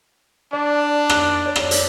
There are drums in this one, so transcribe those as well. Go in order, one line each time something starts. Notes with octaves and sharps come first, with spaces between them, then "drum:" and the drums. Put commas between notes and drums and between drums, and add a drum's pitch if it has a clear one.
D4 D5
F#6, drum: rim click
C#5 D5
drum: rim click
drum: hi-hat